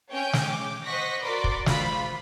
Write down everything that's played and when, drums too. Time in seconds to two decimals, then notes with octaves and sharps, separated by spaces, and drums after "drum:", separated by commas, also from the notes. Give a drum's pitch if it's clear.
0.11 C#4 C#5 G5 G#5 G6
0.33 drum: snare
0.46 D6
0.83 C5 D#5 F#5 C#6 A#6 B6
1.21 F#4 A#4 D5 B5 C6 D6
1.44 drum: kick
1.66 F4 C5 B5, drum: snare